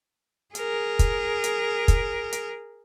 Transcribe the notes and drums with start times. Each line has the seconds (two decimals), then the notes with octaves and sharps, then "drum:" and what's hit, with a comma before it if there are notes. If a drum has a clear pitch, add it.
0.55 G#4 A#4, drum: hi-hat
0.99 drum: kick, hi-hat
1.44 drum: hi-hat
1.88 drum: kick, hi-hat
2.33 drum: hi-hat